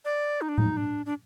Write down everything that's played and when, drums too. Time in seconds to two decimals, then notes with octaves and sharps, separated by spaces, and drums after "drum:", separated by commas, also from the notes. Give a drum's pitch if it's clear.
0.05 D5
0.41 D#4
0.49 D4
0.58 D#4, drum: tom A2
0.77 D4
1.06 D4